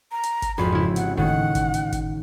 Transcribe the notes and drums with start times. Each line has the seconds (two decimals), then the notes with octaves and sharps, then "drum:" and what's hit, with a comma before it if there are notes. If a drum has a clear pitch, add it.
0.12 A#5
0.23 drum: hi-hat
0.42 drum: kick, hi-hat
0.58 G#1 F2 C4 B5
0.73 C#3 E4
0.96 F#5, drum: hi-hat
1.17 A2 D#3 F#5, drum: kick
1.55 drum: kick, hi-hat
1.74 drum: hi-hat
1.92 drum: kick, hi-hat